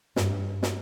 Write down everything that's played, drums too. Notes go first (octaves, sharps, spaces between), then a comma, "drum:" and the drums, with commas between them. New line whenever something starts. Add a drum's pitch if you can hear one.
G2, drum: snare
drum: snare